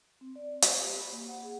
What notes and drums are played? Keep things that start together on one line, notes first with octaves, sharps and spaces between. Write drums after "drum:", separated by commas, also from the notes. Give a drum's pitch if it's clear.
C4
D5
C5, drum: hi-hat
G4
B5
A#3
F#5
G#4